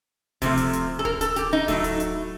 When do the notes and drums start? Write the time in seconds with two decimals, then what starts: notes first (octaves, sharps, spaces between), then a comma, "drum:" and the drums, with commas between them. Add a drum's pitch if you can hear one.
0.42 C3 F3 A3, drum: kick D1, open hi-hat
0.57 drum: hi-hat
0.73 drum: hi-hat
0.99 A4
1.05 A#4, drum: kick D1
1.21 A4, drum: hi-hat
1.36 G4, drum: hi-hat
1.53 D#4
1.68 A2 F#3 A3, drum: kick D1, open hi-hat
1.84 drum: hi-hat
2.00 drum: hi-hat